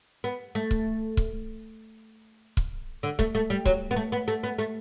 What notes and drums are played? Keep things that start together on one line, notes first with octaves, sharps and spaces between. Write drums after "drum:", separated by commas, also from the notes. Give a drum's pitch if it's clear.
B3
A3
drum: kick
drum: kick
drum: kick
D3
A3, drum: kick
A3
G3
F#3, drum: kick
B3
A3
B3
A3
B3
A3